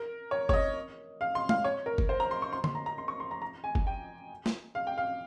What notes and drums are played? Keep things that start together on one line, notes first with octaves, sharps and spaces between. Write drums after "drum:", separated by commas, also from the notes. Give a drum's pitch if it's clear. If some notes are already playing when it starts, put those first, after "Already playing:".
Already playing: A#4
C#5
C#5, drum: kick G1
D#5
F5
C6
F5, drum: tom G#3
C#5
A#4
drum: kick G1
C5
A#5
C6
C#6
C6
C6, drum: tom D3
A#5
A#5
C6
C#6
C6
A#5
A#5
G#5
drum: kick G1
G5
drum: snare
F5
G5
F5